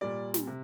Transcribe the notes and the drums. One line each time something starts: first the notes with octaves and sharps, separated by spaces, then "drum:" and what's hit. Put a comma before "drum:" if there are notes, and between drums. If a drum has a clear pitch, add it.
A#2 G3 D5
drum: snare
C3